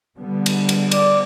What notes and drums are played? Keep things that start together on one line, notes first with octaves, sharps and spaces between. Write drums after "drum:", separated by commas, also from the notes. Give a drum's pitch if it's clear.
D3 G3 B3
drum: cymbal
drum: cymbal
D5, drum: cymbal